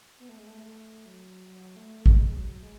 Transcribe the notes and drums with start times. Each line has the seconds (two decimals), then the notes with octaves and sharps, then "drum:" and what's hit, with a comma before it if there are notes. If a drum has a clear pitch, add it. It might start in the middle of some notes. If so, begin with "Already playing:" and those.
0.20 B3
0.29 A3
0.38 G#3
0.47 A3
0.63 A3
1.06 F#3
1.48 F#3
1.76 A3
2.00 A3
2.06 G#3, drum: kick
2.34 F#3
2.62 G#3